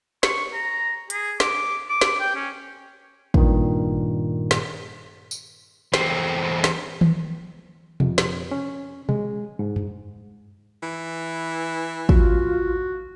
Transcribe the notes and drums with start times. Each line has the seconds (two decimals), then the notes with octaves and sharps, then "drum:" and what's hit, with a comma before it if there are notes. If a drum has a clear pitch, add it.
0.23 C#6, drum: snare
0.53 A#5
1.10 G#4, drum: hi-hat
1.40 D6, drum: snare
1.89 D6
2.01 drum: snare
2.20 G5
2.35 C#4
3.34 G2 A#2 D#3, drum: kick
4.51 drum: snare
5.31 drum: tambourine
5.94 E2 C4, drum: snare
6.64 drum: snare
7.01 drum: tom D#3
8.00 F2, drum: tom B2
8.18 drum: snare
8.51 C#4
9.09 G#3, drum: tom B2
9.59 G#2
9.76 drum: tom F#2
10.83 E3
12.09 F4 F#4, drum: kick